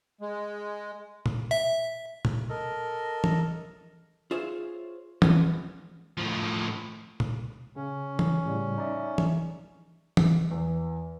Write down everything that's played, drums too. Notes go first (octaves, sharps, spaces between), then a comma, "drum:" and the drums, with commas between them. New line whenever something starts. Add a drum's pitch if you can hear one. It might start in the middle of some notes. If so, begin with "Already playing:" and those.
G#3
drum: tom A#2
E5
drum: tom A#2
A4 A#4 D#5
drum: tom E3
F4 G#4 C5 C#5 E5 F5
F3 G#3 B3 C#4 F4, drum: tom E3
A2 F3
drum: tom A#2
C#3 C#4
drum: tom E3
A2 C#3 G3
D#4 D5 E5
drum: tom E3
drum: tom E3
E2